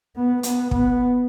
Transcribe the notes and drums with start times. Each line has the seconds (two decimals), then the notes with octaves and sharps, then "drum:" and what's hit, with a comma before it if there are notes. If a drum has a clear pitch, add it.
0.16 B3
0.43 B3, drum: hi-hat
0.71 B3, drum: kick